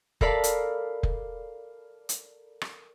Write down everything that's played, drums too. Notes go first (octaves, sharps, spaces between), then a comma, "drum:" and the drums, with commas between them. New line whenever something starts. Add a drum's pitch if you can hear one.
A4 A#4 D5 F5 B5, drum: kick F1
drum: hi-hat
drum: kick F1
drum: hi-hat
drum: rim click